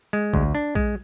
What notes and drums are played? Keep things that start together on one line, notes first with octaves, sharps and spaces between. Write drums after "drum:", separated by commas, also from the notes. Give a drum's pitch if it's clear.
G#3
D2, drum: kick A#1
D4
G#3, drum: kick A#1